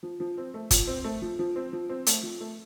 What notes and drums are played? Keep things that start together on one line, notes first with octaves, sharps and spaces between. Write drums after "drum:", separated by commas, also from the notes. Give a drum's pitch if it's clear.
F3
F3
C4
A3
F3, drum: kick, hi-hat
C4
A3
F3
F3
C4
F3
C4
A3, drum: hi-hat
F3
A3